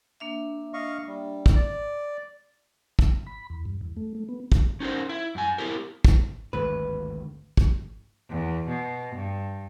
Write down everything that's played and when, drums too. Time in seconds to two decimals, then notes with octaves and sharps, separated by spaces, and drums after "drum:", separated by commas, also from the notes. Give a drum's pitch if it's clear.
0.20 A#3 D4 E5
0.74 D#5 F5 C#6
1.08 G3
1.46 drum: kick
1.55 D5
2.99 drum: kick
3.27 B5
3.50 E2
3.65 G2
3.81 E2
3.97 A3
4.15 A3
4.29 B3
4.52 drum: kick
4.80 C#4 D#4 A4 A#4 C5
5.09 E4
5.35 F#2 G#5
5.58 B3 E4 G4 A#4
6.05 drum: kick
6.53 G#1 D2 G2 B4
7.57 drum: kick
8.30 E2
8.68 B2
9.15 G2